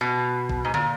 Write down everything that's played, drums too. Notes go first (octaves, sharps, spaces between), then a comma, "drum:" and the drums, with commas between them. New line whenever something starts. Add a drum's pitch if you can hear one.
B2
drum: kick
G#2
A#2, drum: tom